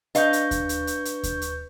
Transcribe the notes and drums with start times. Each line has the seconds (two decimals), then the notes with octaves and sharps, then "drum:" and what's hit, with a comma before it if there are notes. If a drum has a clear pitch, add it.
0.15 D4 B4 D#5 F5 C#6 G6, drum: hi-hat
0.33 drum: hi-hat
0.51 drum: kick D#2, hi-hat
0.69 drum: hi-hat
0.87 drum: hi-hat
1.05 drum: hi-hat
1.23 drum: kick D#2, hi-hat
1.42 drum: hi-hat